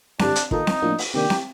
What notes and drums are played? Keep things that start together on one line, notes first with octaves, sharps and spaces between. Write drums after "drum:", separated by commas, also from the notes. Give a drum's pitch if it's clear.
G2 D3 G3 D4, drum: snare C4
drum: hi-hat
D#3 A#3 D#4 F4 A4, drum: kick
drum: snare C4
A2 F3 A#3 D4
drum: open hi-hat
C3 D#3 A#3 D4 G4
drum: snare C4